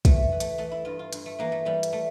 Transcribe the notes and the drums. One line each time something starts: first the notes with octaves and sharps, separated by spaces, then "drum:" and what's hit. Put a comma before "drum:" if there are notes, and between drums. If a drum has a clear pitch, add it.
E3 A3, drum: kick, hi-hat
E3
A3, drum: hi-hat
E3 A3
E4
G2 F4
F4
G2, drum: hi-hat
A3
E3 A#3
A3
E3 G3
drum: hi-hat
A3